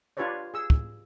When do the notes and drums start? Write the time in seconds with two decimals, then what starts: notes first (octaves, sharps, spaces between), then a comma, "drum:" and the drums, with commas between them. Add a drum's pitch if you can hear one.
0.17 D4 F4 G4 B4 C#5 D5
0.54 G#4 E6
0.70 drum: kick